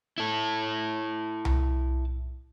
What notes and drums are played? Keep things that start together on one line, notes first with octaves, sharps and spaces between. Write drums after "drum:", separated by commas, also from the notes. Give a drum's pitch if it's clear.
E4 A4
drum: tom C2